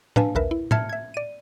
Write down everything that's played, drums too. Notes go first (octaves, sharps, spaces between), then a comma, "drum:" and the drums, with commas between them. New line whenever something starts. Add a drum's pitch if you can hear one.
D4 B4 F5 G#5 A5, drum: tom
A#1 D#2 A#4 B4 E5
E4
E5 A5 F6 G#6 C#7, drum: tom
E5 G#6
D5 D#7